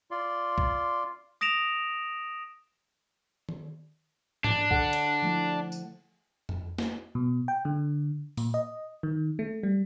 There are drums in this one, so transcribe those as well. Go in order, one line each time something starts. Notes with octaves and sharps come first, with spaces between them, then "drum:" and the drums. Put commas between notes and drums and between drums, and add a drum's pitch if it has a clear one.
F4 D5 C6
drum: kick C2
D#6 A#6 D7 E7 F7
drum: tom D#3
D4, drum: tom G#2
D3 A4 F#5, drum: kick C2
drum: cymbal
F3 A3 E4
drum: tambourine
drum: tom F2
drum: snare
B2
G5
D3
A#2, drum: open hi-hat
D#5
D#3
A3
G3